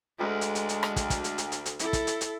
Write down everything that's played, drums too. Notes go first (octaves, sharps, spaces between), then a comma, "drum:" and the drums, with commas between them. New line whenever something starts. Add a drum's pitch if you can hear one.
D2 G#3
drum: hi-hat
drum: hi-hat
drum: hi-hat
drum: rim click
drum: kick, hi-hat
drum: kick, hi-hat
drum: hi-hat
drum: hi-hat
drum: hi-hat
drum: hi-hat
E4 A4, drum: hi-hat
drum: kick, hi-hat
drum: hi-hat
drum: hi-hat